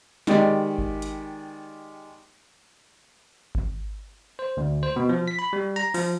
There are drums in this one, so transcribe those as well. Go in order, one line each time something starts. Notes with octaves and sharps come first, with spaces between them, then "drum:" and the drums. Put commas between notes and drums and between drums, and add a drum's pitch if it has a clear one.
D#3 G#3 G4 D5, drum: snare
drum: kick G#1
drum: hi-hat
drum: kick G#1
C5
D2
C5
B2
F3
B6
B5
G3
A#5
F3, drum: open hi-hat